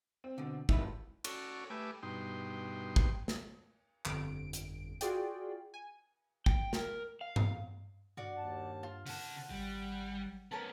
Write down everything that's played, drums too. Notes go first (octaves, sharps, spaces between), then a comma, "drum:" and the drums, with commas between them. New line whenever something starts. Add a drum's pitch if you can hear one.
C4
B2 D3
G#1 D#3 E4 G4 B4, drum: kick
C#4 F#4 A4 C#5 D5, drum: cymbal
A3 G4 B4 E5 G#5 D6
G2 B2 D#4 G5 C6
drum: kick
drum: snare
G1 F2 D7, drum: clap
drum: hi-hat
F4 F#4 G#4 D5 G5, drum: hi-hat
G#5
G5, drum: kick
A#4, drum: snare
F5
drum: tom G2
G2 F#4 D5 F#5
D#2 A5
F4
C#3 F#5 A5, drum: open hi-hat
G#1 G3
B3 C#4 A#4 C#5 A5